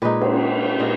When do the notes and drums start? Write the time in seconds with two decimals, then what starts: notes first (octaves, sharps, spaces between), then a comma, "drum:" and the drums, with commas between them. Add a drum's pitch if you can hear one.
0.02 A#2 G#3 D#4 B4
0.21 drum: cymbal
0.79 A#2 G#3 D#4 A#4